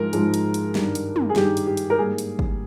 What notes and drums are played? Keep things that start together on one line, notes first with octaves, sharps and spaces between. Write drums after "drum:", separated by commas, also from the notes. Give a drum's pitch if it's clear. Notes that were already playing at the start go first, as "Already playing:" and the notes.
Already playing: G#2 F3 G#3 A#4
G#2 F3 G#3, drum: hi-hat
drum: hi-hat
drum: hi-hat
G2 D#3 G3, drum: snare
drum: hi-hat
drum: tom
G#4
G2 D#3 G3 G4, drum: snare
drum: hi-hat
G4
drum: hi-hat
A#4
G#2 G3 A#3 G#4
drum: hi-hat
drum: kick